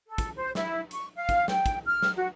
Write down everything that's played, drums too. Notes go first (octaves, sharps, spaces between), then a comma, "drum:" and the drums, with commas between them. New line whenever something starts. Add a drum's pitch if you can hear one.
A4
drum: kick, hi-hat
C5
E4, drum: snare
C#6, drum: hi-hat
F5
drum: kick, hi-hat
G5, drum: snare
drum: kick, hi-hat
F6
drum: snare
F#4